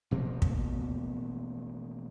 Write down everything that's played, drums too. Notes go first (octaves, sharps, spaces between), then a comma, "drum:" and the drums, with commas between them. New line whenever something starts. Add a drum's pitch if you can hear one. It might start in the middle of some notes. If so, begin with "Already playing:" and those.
A1 B2 F3 A#3
drum: kick